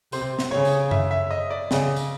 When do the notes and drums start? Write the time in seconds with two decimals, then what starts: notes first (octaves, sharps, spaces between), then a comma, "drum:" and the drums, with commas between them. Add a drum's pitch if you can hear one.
0.12 C3 C5, drum: tambourine
0.39 drum: snare
0.51 C#3 C#5
0.65 drum: tambourine
0.91 E5, drum: tom F#2
1.11 E5
1.31 D#5
1.50 D5
1.71 C#3, drum: snare
1.96 drum: tambourine